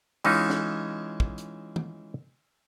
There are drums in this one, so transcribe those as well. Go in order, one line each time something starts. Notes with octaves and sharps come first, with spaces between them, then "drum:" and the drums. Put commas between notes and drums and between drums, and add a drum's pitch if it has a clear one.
E3 G#3 C#4 D#4 F4, drum: cymbal
drum: snare
drum: kick
drum: hi-hat
drum: tom